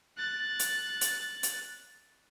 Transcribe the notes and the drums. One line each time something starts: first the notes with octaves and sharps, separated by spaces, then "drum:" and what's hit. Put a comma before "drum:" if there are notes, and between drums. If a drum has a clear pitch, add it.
F#6 A6
drum: hi-hat
drum: hi-hat
drum: hi-hat